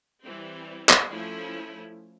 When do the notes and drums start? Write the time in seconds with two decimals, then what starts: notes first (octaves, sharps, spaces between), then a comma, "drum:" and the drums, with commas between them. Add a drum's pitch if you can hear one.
0.24 E3 G3 C4
0.89 drum: clap
1.11 F3 A3 C#4 E4